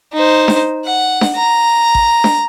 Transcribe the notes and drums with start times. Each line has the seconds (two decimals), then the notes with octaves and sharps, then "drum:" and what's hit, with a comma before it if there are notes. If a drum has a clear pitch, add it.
0.13 D#4 C5
0.48 drum: snare D4
0.85 F#5
1.21 drum: snare D4
1.36 A#5
1.95 drum: kick A1
2.24 drum: snare D4